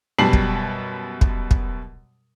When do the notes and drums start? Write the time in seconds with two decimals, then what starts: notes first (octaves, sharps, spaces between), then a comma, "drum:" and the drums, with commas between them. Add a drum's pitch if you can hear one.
0.18 F#2 B2 G3 A5 C7 F#7
0.33 drum: kick
1.21 drum: kick
1.51 drum: kick